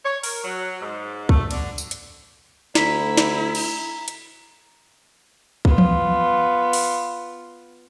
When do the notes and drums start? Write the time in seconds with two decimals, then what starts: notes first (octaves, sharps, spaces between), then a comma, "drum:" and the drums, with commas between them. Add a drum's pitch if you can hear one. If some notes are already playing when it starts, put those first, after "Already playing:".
0.05 C#5
0.24 A#4, drum: open hi-hat
0.44 F#3
0.81 G#2
1.29 A3, drum: kick
1.51 D3, drum: cymbal
1.78 drum: tambourine
1.91 drum: hi-hat
2.75 D2 E4 A#5 B6, drum: snare
3.17 drum: snare
3.55 drum: cymbal
4.08 drum: hi-hat
5.65 B3 F4, drum: kick
5.78 drum: tom E3
6.73 drum: open hi-hat